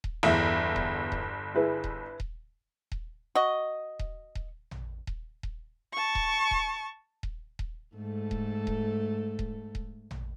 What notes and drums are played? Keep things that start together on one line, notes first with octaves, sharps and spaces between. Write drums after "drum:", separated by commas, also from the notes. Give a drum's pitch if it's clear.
drum: kick D#1
G1 E2 E5 E7
drum: kick D#1
drum: kick D#1
E4 G#4 B4
drum: kick D#1
drum: kick D#1
drum: kick D#1
F#4 D#5
drum: kick D#1
drum: kick D#1
drum: tom
drum: kick D#1
drum: kick D#1
A5 C#6
drum: kick D#1
drum: kick D#1
drum: kick D#1
drum: kick D#1
G#2 A3 A4
drum: kick D#1
drum: kick D#1
drum: kick D#1
drum: kick D#1
drum: tom